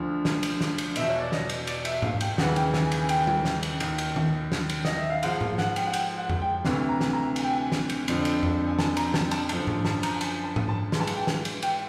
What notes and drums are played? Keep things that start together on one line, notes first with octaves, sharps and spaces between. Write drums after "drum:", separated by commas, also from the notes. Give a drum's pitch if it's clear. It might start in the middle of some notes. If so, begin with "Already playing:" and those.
Already playing: D2 D3 F3
drum: snare
drum: cymbal
drum: snare
drum: cymbal
E2 B2 E5, drum: cymbal
C#5
D5
D#5, drum: snare
drum: cymbal
D5, drum: cymbal
E5, drum: cymbal
F5, drum: tom G#2
G5, drum: cymbal
D#2 C#3 E3 F#5, drum: snare
G5, drum: cymbal
G#5, drum: snare
G#5, drum: cymbal
G5, drum: cymbal
drum: tom G3
drum: snare
drum: cymbal
D#2 D#3, drum: cymbal
drum: cymbal
drum: tom D#3
drum: snare
drum: cymbal
D#5, drum: snare
E5
F5
G#2 F3 F#5, drum: cymbal
F5, drum: tom G#2
F#5, drum: snare
G5, drum: cymbal
F#5
G5, drum: cymbal
F#5
drum: tom F2
G5
D2 C3 E3, drum: snare
A#5
drum: snare
A#5
G#5, drum: cymbal
G5
G#5
drum: snare
drum: cymbal
F2 D3 F3, drum: cymbal
drum: cymbal
drum: tom F2
G#5
A5, drum: snare
A#5, drum: cymbal
A5, drum: snare
A5, drum: cymbal
F#2 D3 F3 A5, drum: cymbal
drum: tom G#2
A5, drum: snare
A#5, drum: cymbal
G#5
A5, drum: cymbal
A5
drum: tom G#2
A5
G#2 E3, drum: snare
A5
G#5, drum: cymbal
G5
drum: snare
drum: cymbal
G5, drum: cymbal